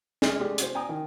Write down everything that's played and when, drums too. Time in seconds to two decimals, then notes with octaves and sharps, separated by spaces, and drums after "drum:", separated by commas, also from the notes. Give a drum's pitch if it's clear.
0.22 F#2 G#3 D5 D#5 F6, drum: snare
0.40 G#3 A3 C#4 G4 D5
0.58 C#4 F#4 C5, drum: hi-hat
0.75 D5 G5 G#5 A#5 D#6
0.89 D#3